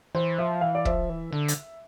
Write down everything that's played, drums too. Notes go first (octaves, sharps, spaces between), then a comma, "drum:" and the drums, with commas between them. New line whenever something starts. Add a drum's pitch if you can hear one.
E3 C5
F3 E5
E3 F5
D5
F3 E5, drum: kick
E3
D3
drum: hi-hat